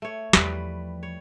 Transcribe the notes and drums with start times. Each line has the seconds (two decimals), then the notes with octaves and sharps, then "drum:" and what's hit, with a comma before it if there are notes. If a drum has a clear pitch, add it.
0.02 A3 C#5
0.33 E2 F3 G3 B4, drum: snare
1.03 C#5